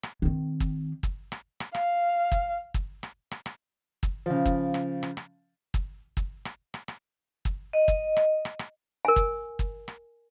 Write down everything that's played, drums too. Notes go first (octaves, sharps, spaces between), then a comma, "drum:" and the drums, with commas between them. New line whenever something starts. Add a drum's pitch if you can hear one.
drum: rim click
D#3 C4
drum: kick
drum: kick
drum: rim click
drum: rim click
F5, drum: rim click
drum: kick
drum: kick
drum: rim click
drum: rim click
drum: rim click
drum: kick
C#3 F3
drum: kick
drum: rim click
drum: rim click
drum: rim click
drum: kick
drum: kick
drum: rim click
drum: rim click
drum: rim click
drum: kick
D#5
drum: kick
drum: rim click
drum: rim click
drum: rim click
A#4 G#5
drum: kick
drum: kick
drum: rim click